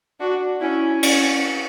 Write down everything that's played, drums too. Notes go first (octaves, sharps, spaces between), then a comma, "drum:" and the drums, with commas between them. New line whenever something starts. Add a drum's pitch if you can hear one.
D4 F#4
C#4 E4
C#4, drum: cymbal